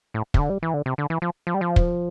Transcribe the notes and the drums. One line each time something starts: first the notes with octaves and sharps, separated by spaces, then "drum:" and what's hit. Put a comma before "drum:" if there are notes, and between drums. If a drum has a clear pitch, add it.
A2
C3, drum: kick
D3
G3
E3
D3
C3
D3
E3
F3
F3
G3
F3
drum: kick